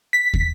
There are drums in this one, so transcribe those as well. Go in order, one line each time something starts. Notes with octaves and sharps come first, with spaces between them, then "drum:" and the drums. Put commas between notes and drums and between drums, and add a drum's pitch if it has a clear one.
B6
drum: kick